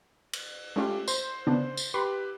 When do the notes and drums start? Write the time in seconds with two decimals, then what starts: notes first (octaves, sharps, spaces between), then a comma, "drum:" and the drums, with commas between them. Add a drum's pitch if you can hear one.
0.33 drum: cymbal
0.76 G#3 A3 C#4 F4 G4
1.08 C5 C6, drum: tambourine
1.47 C#3 B3 D4
1.77 drum: tambourine
1.94 G4 B4 B5 C6